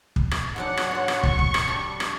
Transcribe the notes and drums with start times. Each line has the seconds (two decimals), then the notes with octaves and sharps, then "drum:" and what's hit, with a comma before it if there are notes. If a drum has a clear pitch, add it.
0.16 drum: kick
0.31 drum: rim click
0.56 G#2 F#3 D4 F#5
0.77 drum: rim click
0.91 C5 C#5
1.08 drum: rim click
1.23 C#6, drum: kick
1.39 drum: kick
1.54 drum: rim click
1.68 G3 D4
2.00 drum: rim click